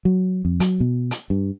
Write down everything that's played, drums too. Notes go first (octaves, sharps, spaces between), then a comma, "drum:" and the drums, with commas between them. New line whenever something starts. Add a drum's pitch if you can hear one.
F#3
F2
F#3, drum: hi-hat
B2
drum: hi-hat
G2